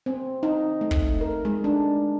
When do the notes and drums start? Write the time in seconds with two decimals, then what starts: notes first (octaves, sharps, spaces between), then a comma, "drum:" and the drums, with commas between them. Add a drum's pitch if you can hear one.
0.06 C4
0.43 D#4
0.81 A3
0.91 drum: kick
1.21 A#4
1.45 G#3
1.64 D4